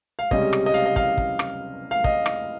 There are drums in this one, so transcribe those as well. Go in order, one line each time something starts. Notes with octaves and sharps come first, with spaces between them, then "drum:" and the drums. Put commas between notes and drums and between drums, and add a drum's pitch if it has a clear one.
F5
C#2 C3 G3 C#4 D#5, drum: kick
drum: rim click
D#5
F5
D#5
F5, drum: kick
drum: kick
drum: rim click
F5
D#5, drum: kick
drum: rim click